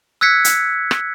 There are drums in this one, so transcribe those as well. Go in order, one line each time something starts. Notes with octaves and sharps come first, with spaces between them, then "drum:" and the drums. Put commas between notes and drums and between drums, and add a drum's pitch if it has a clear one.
E6 F#6 G#6 B6 C#7
drum: hi-hat
drum: rim click